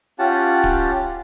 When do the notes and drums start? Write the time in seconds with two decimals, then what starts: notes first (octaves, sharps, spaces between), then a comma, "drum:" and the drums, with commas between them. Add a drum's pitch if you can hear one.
0.19 C#4 F4 G4 F#5 A5
0.64 drum: kick D1